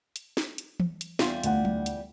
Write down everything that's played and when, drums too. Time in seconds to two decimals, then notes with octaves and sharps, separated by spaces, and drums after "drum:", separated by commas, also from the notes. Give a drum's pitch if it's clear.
0.16 drum: hi-hat
0.37 drum: snare
0.58 drum: hi-hat
0.80 drum: tom E3
1.01 drum: hi-hat
1.19 E2 G3 F4, drum: snare
1.44 D2 F#5, drum: hi-hat
1.65 drum: tom F#3
1.86 drum: hi-hat